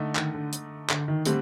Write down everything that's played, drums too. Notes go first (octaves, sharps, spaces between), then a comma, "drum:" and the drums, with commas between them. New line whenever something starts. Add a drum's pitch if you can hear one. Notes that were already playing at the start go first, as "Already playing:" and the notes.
Already playing: D3 A3 D#4
D#3, drum: clap
D3
drum: hi-hat
D3, drum: clap
D#3
D3 G3 A3 C4, drum: hi-hat